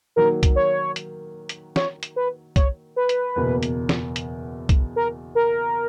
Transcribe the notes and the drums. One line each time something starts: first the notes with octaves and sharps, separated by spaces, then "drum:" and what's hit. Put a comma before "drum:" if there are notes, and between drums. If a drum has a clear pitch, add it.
D#3 F#3 A#3 A#4
drum: kick, hi-hat
C#5
drum: hi-hat
drum: hi-hat
C#5, drum: snare
drum: hi-hat
B4
C#5, drum: kick, hi-hat
B4
drum: hi-hat
F#1 E2 B2 A#3
drum: hi-hat
drum: snare
drum: hi-hat
drum: kick, hi-hat
A#4
A#4